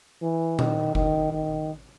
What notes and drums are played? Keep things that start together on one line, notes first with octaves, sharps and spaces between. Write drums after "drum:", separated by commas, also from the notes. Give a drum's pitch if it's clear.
E3
D#3, drum: tom A#2
D#3, drum: kick F#1
D#3